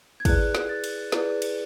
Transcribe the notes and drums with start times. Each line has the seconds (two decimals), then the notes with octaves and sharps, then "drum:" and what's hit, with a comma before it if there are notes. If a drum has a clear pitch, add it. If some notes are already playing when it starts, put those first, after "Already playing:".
0.20 G#6
0.25 E4 G#4 B4 D5 F#6, drum: kick, cymbal
0.55 drum: snare
0.69 A6
0.84 drum: cymbal
1.12 E4 G#4 B4 D5, drum: snare
1.42 drum: cymbal